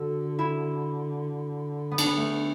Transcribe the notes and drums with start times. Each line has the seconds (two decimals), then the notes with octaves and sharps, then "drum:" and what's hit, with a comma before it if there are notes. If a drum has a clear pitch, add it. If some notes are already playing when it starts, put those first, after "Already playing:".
Already playing: D3 F#4 A4
0.39 E4
1.91 B3
1.98 D4, drum: cymbal
2.06 B3
2.17 A3